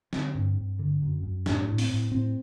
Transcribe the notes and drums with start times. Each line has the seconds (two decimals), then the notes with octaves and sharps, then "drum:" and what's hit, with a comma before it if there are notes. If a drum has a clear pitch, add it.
0.13 D3 C4, drum: snare
0.35 G2
0.57 G2
0.79 D3
1.02 F#2
1.23 F#2
1.46 A2 D4, drum: snare
1.68 A2
1.78 C4, drum: open hi-hat
1.90 A2
2.11 A2 C4